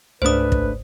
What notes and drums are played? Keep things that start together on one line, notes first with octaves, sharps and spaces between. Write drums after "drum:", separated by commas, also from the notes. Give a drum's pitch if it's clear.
C#2 G#2 A3 D4 B4 C5 D#6
drum: kick